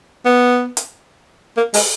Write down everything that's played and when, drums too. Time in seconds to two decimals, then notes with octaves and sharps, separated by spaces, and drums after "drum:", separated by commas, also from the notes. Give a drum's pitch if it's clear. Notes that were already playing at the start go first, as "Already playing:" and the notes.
0.25 B3
0.77 drum: hi-hat
1.57 A#3
1.74 G#3, drum: open hi-hat